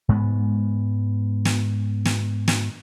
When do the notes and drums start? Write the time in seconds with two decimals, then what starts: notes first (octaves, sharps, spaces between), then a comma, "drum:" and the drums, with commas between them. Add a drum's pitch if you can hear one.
0.09 G#2 G#3 B3
1.45 drum: snare
2.05 drum: snare
2.48 drum: snare